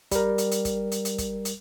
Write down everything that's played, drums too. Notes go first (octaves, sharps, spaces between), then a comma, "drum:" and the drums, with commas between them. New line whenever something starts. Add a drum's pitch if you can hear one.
G3 A#4, drum: kick, hi-hat
drum: hi-hat
drum: hi-hat
drum: kick, hi-hat
drum: hi-hat
drum: hi-hat
drum: kick, hi-hat
drum: hi-hat